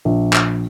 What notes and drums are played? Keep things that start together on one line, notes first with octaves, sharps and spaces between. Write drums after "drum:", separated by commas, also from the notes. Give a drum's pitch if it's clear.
A#1
drum: clap